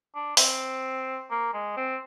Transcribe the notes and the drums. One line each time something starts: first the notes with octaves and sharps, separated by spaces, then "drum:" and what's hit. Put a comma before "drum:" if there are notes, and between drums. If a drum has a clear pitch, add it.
D4
C4, drum: open hi-hat
A#3
G#3
C4